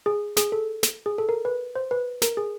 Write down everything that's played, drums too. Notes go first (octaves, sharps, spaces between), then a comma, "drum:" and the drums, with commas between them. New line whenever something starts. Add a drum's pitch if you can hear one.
G#4
G#4, drum: snare
A4
drum: snare
G#4
A4
A#4
B4
C5
B4
A#4, drum: snare
G#4